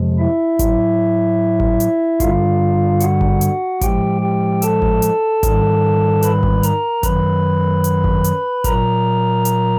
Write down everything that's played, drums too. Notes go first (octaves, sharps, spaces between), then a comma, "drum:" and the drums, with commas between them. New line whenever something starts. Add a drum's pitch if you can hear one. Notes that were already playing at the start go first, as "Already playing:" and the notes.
Already playing: F2 C3 F3 G#3
E4 E5
A2 F#3, drum: kick G#1, hi-hat
drum: kick G#1
drum: hi-hat
G2 D3 G3 F4 F5, drum: kick G#1, hi-hat
F#4 F#5, drum: hi-hat
drum: kick G#1
drum: hi-hat
A2 F3 G#3 G4 G5, drum: kick G#1, hi-hat
G4 G5
A4 A5, drum: hi-hat
drum: kick G#1
drum: hi-hat
G#2 D#3 G3, drum: kick G#1, hi-hat
B4 B5, drum: hi-hat
drum: kick G#1
A#4 A#5, drum: hi-hat
F#2 D#3 F#3 B4 B5, drum: kick G#1, hi-hat
drum: hi-hat
drum: kick G#1
drum: hi-hat
A#2 F#3 A#4 A#5, drum: kick G#1, hi-hat
drum: hi-hat